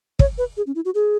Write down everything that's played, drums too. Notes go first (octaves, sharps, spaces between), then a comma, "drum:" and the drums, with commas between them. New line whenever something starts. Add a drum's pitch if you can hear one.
C#5, drum: kick
B4
G#4
C#4
E4
F#4
G#4